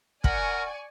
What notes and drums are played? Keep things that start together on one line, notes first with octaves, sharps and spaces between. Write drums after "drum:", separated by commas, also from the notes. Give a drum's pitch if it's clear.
A#4 D5 F#5 G#5 B5 C#6, drum: kick